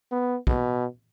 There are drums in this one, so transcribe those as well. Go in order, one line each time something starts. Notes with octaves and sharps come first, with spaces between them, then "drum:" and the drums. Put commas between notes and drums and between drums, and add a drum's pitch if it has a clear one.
B3
B2, drum: kick